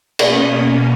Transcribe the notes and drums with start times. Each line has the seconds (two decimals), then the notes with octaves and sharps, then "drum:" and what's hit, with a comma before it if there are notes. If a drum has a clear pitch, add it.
0.19 B2 A#3 C#4 D#6, drum: cymbal